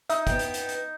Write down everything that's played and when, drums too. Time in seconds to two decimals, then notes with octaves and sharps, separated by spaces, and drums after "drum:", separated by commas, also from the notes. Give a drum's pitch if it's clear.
0.10 D#4 E5, drum: hi-hat
0.27 B3 G5, drum: kick, hi-hat
0.39 drum: hi-hat
0.54 drum: hi-hat
0.69 drum: hi-hat